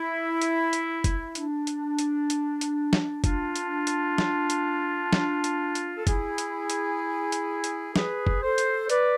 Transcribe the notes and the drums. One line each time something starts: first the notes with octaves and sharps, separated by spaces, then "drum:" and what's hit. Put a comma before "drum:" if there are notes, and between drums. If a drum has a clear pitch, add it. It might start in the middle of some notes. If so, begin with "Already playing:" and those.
Already playing: E4
drum: hi-hat
drum: hi-hat
drum: kick, hi-hat
D4, drum: hi-hat
drum: hi-hat
drum: hi-hat
drum: hi-hat
drum: hi-hat
drum: snare
D4 F4, drum: kick, hi-hat
drum: hi-hat
drum: hi-hat
drum: snare
drum: hi-hat
drum: snare
drum: hi-hat
drum: hi-hat
A4
E4 G#4, drum: kick, hi-hat
drum: hi-hat
drum: hi-hat
drum: hi-hat
drum: hi-hat
G#4 B4, drum: snare
drum: kick
A4 C5
drum: hi-hat
B4 D5, drum: hi-hat